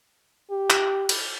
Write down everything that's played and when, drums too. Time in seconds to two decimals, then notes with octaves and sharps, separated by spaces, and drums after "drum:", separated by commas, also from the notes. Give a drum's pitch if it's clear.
0.51 G4
0.70 drum: clap
1.09 drum: cymbal